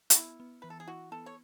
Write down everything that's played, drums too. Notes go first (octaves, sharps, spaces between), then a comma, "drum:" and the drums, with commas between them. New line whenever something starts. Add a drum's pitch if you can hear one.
F#4, drum: hi-hat
B3 E4
B3
E3 B4
A4
G#4
E4 F#4
B3 A4
C#5